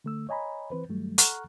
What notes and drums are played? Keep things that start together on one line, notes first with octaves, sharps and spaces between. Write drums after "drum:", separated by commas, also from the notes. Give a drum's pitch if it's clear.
D3 A3 E6
C#5 D#5 G#5 A#5 B5
E3 C4 B4 C5
G2 D#3 F#3 G3 A3
A4 F#5 A#5 C#6 F6 F#6, drum: hi-hat